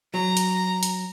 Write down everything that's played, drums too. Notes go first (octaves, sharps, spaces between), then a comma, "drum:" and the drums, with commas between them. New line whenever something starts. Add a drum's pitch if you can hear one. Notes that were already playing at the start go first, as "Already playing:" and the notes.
F#3 A#5
drum: hi-hat
drum: hi-hat